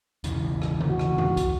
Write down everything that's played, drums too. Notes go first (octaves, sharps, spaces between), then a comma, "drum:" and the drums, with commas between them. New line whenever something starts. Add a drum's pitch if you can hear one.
E1 C#3 E3, drum: hi-hat
drum: rim click
drum: tom D3
F#4
drum: rim click
drum: tom F2
drum: kick, hi-hat